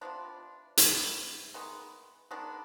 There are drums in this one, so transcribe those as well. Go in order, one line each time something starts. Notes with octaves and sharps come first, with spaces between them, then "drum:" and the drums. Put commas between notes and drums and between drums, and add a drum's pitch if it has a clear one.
C3 F3 B3 D4
C3 G3 B3, drum: hi-hat
D#3 G#3 B3
D#3 G#3 B3 D4